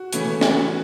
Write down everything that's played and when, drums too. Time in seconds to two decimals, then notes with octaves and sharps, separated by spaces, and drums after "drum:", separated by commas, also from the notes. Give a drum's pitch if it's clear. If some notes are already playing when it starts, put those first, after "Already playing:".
Already playing: F#4
0.13 C#3 E3 A3 C#4, drum: hi-hat
0.41 F#4, drum: snare